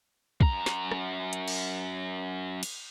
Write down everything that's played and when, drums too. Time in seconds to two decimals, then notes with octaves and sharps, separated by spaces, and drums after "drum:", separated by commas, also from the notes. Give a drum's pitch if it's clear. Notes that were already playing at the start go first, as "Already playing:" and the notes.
0.41 F#2 A#5, drum: kick
0.66 drum: snare
0.92 drum: rim click
1.33 drum: hi-hat
1.48 drum: cymbal
2.63 drum: cymbal